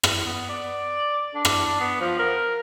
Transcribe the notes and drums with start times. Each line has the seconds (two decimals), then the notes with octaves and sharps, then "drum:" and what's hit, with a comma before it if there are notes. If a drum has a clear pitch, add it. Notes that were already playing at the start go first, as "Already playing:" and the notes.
0.03 drum: rim click
0.24 B3
0.49 D5
1.35 D4
1.45 drum: rim click
1.80 B3
2.01 F3
2.19 A#4